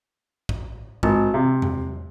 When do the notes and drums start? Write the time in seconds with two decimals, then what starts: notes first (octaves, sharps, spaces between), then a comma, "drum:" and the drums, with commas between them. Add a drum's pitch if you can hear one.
0.49 drum: kick
1.03 G#1, drum: kick
1.34 C3
1.62 drum: tom E2